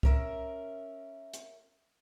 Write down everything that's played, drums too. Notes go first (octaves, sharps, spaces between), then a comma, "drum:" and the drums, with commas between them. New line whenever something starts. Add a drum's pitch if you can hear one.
C#4 A#4 E5, drum: kick
drum: hi-hat